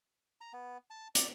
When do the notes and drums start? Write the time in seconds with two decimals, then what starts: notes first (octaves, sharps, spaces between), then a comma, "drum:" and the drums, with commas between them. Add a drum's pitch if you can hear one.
0.41 A#5
0.53 B3
0.90 A5
1.15 D5, drum: hi-hat